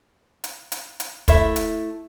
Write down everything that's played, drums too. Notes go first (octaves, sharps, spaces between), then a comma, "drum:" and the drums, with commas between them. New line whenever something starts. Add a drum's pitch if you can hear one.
drum: hi-hat
drum: hi-hat
drum: hi-hat
A3 E4 E5, drum: kick, hi-hat
drum: hi-hat